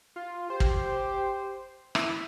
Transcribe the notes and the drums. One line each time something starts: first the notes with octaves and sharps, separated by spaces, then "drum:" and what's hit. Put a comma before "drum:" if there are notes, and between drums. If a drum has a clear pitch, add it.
F4
G4 C5
drum: kick
E4 E5, drum: rim click